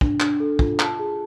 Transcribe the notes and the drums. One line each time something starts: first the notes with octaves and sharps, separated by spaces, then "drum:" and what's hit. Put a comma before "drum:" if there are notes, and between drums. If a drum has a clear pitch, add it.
D4, drum: kick
D4, drum: clap
A4
F4, drum: kick
A5, drum: clap
G#4